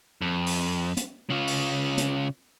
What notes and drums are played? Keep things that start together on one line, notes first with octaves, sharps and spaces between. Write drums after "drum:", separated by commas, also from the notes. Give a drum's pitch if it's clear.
F2
drum: open hi-hat
drum: hi-hat
C#3 F4
drum: open hi-hat
drum: hi-hat